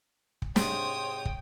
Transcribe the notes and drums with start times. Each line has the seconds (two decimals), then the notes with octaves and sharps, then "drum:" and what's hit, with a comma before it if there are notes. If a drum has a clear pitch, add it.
0.42 drum: kick
0.56 G#2 C3 C#5 G5 C6 D#6, drum: snare
1.25 drum: kick